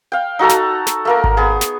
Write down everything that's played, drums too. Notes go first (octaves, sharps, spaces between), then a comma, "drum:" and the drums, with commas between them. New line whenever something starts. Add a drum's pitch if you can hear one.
F5 G5
D#4 F#4 A4 A#5
drum: snare
drum: snare
A3 A#3 A#4
drum: kick G#1
B3 G#4
drum: snare